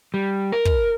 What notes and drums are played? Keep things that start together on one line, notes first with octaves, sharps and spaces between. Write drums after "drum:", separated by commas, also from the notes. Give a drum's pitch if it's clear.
G3
A#4
drum: kick